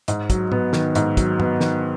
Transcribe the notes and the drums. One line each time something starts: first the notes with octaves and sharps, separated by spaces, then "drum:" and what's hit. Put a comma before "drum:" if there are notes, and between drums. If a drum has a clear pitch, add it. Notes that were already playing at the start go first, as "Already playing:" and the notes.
G#2, drum: hi-hat
F#3, drum: kick, hi-hat
B3, drum: tom
D#3, drum: snare
G#2, drum: hi-hat
F#3, drum: kick, hi-hat
B3, drum: tom
D#3, drum: snare